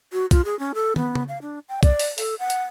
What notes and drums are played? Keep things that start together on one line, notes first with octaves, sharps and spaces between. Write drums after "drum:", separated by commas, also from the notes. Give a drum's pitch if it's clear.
F#4
F4, drum: kick, hi-hat
G#4
C#4
A4
B3, drum: tom
drum: tom C#3
F5
D4
G5
D5, drum: kick, hi-hat
drum: open hi-hat
A4, drum: open hi-hat
F#5
drum: hi-hat